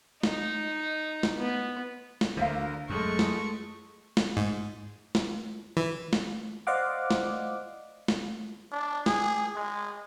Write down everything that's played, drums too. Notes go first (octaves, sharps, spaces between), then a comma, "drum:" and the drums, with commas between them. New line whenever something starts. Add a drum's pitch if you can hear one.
D#4, drum: snare
drum: snare
B3
drum: snare
D2 D3 A#4 C5 E5 F5
F#2 G#3 A3 C#6
drum: snare
drum: snare
G#2
drum: snare
E3
drum: snare
C5 D5 D#5 F5 F#5 D6
drum: snare
drum: snare
D4
G#4, drum: snare
G#3